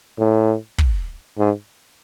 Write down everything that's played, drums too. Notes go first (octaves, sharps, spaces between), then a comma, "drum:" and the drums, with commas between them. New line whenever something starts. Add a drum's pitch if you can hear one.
A2
drum: kick
G#2